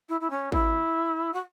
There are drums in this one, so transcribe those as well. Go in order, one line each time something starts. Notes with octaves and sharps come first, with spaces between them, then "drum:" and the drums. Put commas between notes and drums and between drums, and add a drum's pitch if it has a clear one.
E4
E4
C#4
E4, drum: kick G#1
F#4